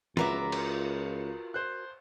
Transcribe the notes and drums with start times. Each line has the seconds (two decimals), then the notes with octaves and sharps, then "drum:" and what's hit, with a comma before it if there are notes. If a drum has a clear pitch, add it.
0.17 C#2 F4 F#4 A#4 B4 E5 A#5 D6, drum: snare
0.52 drum: cymbal
1.54 C5 F#6